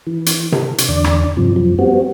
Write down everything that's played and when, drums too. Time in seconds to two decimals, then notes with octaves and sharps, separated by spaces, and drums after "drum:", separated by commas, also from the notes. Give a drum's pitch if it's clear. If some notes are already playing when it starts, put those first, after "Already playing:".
0.07 E3
0.26 drum: hi-hat
0.52 drum: tom C3
0.78 drum: hi-hat
0.89 E2 D3 D5
1.04 drum: rim click
1.37 G2 C3 F3
1.56 F#2 F3
1.79 G3 B3 C4 F#4